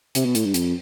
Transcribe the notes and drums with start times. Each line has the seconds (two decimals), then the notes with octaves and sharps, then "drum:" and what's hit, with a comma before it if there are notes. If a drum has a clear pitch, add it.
0.15 C3, drum: hi-hat
0.25 B2
0.35 A2, drum: hi-hat
0.45 G2
0.54 F2, drum: hi-hat